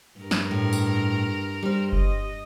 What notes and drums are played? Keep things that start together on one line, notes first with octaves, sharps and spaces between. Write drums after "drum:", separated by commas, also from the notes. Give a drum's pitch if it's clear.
G2 A#4
drum: snare
A2
drum: tambourine
G3 C5
D#5, drum: kick F#1